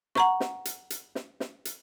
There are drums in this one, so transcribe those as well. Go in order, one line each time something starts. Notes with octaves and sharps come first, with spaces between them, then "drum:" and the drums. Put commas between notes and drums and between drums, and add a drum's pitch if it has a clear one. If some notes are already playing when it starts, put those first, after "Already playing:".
F#5 A#5 C#6, drum: snare
drum: snare
drum: hi-hat
drum: hi-hat
drum: snare
drum: snare
drum: hi-hat